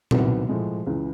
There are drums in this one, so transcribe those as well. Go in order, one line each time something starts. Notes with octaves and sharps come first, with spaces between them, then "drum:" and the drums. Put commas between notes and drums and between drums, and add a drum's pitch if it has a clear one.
C2 C3 D#3 F#3 B3, drum: tom A#2
A2 F3 G#3
C#2 C#3 E3